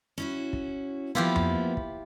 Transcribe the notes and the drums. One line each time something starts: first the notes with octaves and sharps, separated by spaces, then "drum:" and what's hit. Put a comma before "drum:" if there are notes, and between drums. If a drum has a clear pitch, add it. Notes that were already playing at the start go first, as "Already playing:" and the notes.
C#4 E4 F#4
drum: kick
F3 A#3 B3 E4 F4 G4
drum: tom F2
drum: kick